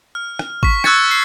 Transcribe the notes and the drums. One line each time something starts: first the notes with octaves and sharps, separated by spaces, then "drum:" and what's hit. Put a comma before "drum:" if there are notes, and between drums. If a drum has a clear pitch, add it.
F6
drum: rim click
C#6 B6, drum: kick
C#6 E6 F#6 G#6 A6 C#7, drum: rim click
C7